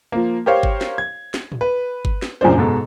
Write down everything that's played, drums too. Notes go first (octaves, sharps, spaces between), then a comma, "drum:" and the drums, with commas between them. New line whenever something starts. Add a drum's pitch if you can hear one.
F3 A#3
G4 A#4 C5 C#5 F5
drum: kick G1
drum: snare
G#6
drum: snare
drum: tom
B4
drum: kick G1
drum: snare
A#1 F#2 C#3 F3 D4 C5
G#2 B2 A4